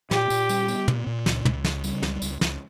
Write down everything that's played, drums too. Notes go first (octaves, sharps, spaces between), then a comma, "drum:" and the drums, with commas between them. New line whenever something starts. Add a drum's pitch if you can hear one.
A#2 G4, drum: snare
A#2, drum: tambourine
G3, drum: tambourine
B3, drum: tambourine
A#2, drum: tom
A#2
C#2, drum: snare
C#2, drum: tom
C#3, drum: snare
G3, drum: tambourine
C#2, drum: snare
C#2, drum: tambourine
C#2, drum: snare